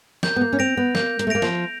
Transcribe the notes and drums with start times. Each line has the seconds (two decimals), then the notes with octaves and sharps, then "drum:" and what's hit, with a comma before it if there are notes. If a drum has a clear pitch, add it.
0.23 A#3 G6, drum: snare
0.36 B3
0.41 A#3
0.53 C#4
0.59 C4 A#6 D7 F7
0.77 B3
0.95 A#3 G6, drum: snare
1.19 A#3, drum: hi-hat
1.27 A3
1.30 A#3 A#6 D7 F7
1.42 F3, drum: snare